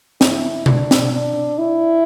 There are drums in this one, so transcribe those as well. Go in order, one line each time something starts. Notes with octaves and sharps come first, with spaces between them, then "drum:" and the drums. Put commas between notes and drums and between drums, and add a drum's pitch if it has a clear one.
E4, drum: snare
D4, drum: tom B2
drum: snare
D4
E4